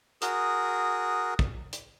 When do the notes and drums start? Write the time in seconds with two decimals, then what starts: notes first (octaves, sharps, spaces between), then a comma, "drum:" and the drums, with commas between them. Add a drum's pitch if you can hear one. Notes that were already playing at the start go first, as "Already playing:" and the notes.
0.22 F#4 G#4 A#4 D#6, drum: hi-hat
1.39 drum: kick
1.73 drum: hi-hat